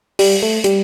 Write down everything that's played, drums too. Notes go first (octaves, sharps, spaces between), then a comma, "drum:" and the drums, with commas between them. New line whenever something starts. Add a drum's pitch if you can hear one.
G3, drum: open hi-hat
A3
G3, drum: hi-hat